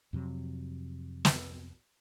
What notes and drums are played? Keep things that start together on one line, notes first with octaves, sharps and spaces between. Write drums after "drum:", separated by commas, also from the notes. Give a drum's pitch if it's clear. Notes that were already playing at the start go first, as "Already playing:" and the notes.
F2 C3 F#3
drum: snare